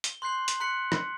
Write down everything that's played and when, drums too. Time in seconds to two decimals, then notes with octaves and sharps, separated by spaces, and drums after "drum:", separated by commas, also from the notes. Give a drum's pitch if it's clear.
0.04 G7, drum: hi-hat
0.22 C6 F#6 G6 C7 F#7
0.48 drum: hi-hat
0.60 A#5 C6 F#6 B6 C#7 F#7
0.92 drum: rim click